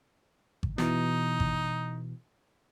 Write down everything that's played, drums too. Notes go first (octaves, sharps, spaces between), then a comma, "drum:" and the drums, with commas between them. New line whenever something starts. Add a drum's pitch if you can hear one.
drum: kick G#1
B2 E3 D#4, drum: snare
drum: kick G#1